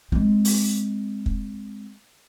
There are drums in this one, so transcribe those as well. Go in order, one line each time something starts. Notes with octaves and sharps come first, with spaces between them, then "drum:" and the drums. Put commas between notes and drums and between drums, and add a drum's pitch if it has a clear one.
G#3 C4, drum: kick
drum: open hi-hat
drum: kick